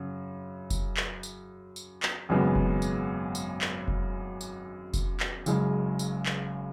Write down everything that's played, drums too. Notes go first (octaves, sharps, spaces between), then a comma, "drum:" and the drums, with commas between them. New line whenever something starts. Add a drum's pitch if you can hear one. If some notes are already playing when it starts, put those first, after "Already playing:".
Already playing: F#2 C#3
drum: kick F1, tambourine
drum: clap
drum: tambourine
drum: tambourine
drum: clap
G#1 F#2 C#3 G#3 B3
drum: kick F1
drum: tambourine
drum: tambourine
drum: clap
drum: kick F1
drum: tambourine
drum: kick F1, tambourine
drum: clap
F#1 F#2 C#3 G#3, drum: tambourine
drum: tambourine
drum: clap